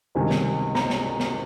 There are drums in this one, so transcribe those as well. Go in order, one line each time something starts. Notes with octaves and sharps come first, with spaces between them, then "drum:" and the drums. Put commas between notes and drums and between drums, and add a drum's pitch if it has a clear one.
C#2 C3 D#3 G3 G#5
drum: snare
A#5, drum: snare
drum: snare
drum: snare